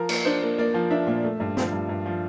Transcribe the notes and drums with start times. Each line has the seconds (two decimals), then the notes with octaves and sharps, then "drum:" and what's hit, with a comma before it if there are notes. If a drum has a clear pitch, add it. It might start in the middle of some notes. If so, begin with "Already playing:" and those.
Already playing: F3 A#4
0.09 A#3, drum: cymbal
0.25 D4 C5
0.43 A#3
0.58 A#3 D5
0.74 F3
0.90 D4 E5
1.07 A#2
1.24 A3
1.40 G2
1.57 F3, drum: snare
1.73 G2
1.89 G2
2.06 F3